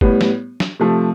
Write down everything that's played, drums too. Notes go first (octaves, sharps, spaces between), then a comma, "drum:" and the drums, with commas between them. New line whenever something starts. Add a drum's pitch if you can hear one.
A2 G3 B3, drum: kick F#1
drum: snare
drum: snare
C3 F3 A3